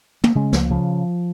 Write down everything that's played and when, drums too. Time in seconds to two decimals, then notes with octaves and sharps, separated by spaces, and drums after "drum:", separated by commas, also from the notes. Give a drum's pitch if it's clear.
0.24 A#3, drum: tom
0.35 C#3 G#3 C#4
0.53 C#2 F3 A#3, drum: snare
0.70 C#3 F3